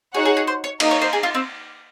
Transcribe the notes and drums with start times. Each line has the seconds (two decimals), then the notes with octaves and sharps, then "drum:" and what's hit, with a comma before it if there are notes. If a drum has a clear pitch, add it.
0.14 D#4 F#4 G#4 C#5 F#5
0.25 G#4
0.37 G#4
0.47 C5
0.64 C#5
0.80 A#3 D#4 A#4 D#5, drum: cymbal
0.91 C#5
1.02 C5
1.13 G#4
1.23 F4
1.35 C4